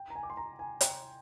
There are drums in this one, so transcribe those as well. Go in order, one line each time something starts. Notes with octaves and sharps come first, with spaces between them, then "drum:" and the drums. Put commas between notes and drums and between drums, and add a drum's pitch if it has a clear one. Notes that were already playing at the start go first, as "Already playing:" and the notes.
Already playing: G5
A#5
G#5
D6
C6
A#5
G#5
G5, drum: hi-hat